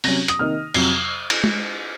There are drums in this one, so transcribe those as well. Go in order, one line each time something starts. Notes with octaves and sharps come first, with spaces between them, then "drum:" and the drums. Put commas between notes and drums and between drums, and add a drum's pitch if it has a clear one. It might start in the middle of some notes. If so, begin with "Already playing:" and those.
C3 F#3 C#4 A#6, drum: open hi-hat
D#6, drum: hi-hat
C3 D#3 A#3 D#4 F6
F2 C3 F#3 C7, drum: cymbal
drum: cymbal
drum: tom